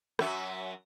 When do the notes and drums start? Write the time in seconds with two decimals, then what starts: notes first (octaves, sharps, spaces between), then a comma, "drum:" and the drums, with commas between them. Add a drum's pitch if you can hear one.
0.19 F#2 F#3 E5, drum: rim click